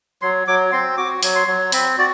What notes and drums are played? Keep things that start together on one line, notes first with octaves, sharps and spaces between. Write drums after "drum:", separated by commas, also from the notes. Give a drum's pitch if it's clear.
F#3 C6
F#3 D6
C4 C6
F#4 D6
F#3, drum: open hi-hat
C6
F#3
C4 B5, drum: open hi-hat
F#4 D5